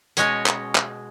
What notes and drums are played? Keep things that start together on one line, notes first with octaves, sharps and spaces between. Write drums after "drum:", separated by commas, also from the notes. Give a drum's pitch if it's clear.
B2 G#3 C#4 C#5, drum: hi-hat
drum: clap
drum: clap